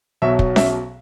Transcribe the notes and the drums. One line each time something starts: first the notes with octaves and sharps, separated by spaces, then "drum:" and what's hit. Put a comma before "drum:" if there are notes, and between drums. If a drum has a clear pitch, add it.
B1 B2 F#3 E5
drum: kick
E5, drum: snare C#4